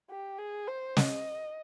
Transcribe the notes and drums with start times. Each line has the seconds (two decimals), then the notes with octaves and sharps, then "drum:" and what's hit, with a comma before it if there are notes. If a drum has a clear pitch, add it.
0.10 G4
0.38 G#4
0.68 C5
0.97 D#5, drum: snare